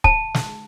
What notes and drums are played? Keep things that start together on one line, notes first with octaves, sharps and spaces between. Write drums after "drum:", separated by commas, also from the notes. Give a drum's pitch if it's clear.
A5, drum: kick
drum: snare